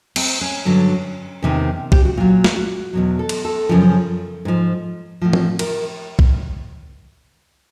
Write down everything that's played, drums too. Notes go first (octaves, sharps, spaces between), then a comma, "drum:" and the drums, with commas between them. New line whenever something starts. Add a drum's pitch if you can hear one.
C4, drum: cymbal
C#4
G2 D3 F#3
E2 C3 D#3
G4, drum: kick B1
F#4
A#2 F#3 F4
drum: snare
F#4
E2 B2 F#3
A4
drum: cymbal
A4
F#2 C#3 F3
G#2 F3
A2 F3
drum: tom E3
A#4, drum: cymbal
drum: kick B1